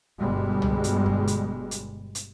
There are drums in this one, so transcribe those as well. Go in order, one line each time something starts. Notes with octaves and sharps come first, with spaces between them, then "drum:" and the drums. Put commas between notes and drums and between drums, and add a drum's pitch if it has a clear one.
G1 B2 G3 G#3
drum: tom C2
drum: hi-hat
drum: kick
drum: hi-hat
drum: hi-hat
drum: hi-hat